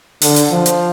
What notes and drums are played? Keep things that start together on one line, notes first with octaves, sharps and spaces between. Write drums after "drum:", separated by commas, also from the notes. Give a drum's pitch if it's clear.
D3, drum: open hi-hat
drum: hi-hat
F3
drum: hi-hat